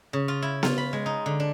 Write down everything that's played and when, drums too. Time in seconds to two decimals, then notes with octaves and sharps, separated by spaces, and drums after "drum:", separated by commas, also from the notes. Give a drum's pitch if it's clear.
0.13 C#3
0.28 F4
0.42 E4
0.63 F4, drum: snare B3
0.78 B5
0.93 G#3
1.06 D#4
1.26 D3
1.40 D4